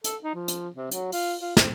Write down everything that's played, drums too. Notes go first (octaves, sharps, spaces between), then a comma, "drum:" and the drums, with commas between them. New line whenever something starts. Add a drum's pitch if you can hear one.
A4, drum: hi-hat
D#4
F3
drum: hi-hat
C3
F#3, drum: hi-hat
F4, drum: open hi-hat
F4
C4, drum: snare